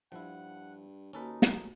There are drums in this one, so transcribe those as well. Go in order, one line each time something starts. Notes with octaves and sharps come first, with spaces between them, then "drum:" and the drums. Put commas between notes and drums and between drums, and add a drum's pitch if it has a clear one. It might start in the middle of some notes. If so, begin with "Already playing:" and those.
G2 F3 E4 F#5
D#2 A#3 C#4 D#4 F#4 A4 B4
drum: snare